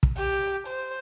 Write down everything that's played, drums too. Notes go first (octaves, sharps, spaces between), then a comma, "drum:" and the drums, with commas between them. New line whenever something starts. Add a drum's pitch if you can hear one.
drum: kick
G4
C5